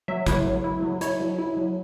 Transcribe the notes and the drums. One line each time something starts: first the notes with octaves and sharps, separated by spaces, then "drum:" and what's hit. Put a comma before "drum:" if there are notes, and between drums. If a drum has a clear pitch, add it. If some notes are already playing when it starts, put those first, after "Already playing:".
F#3 E5
E4 C#5, drum: kick, hi-hat
F#3
E4
F#3
E4 C#5, drum: hi-hat
F#3
E4
F#3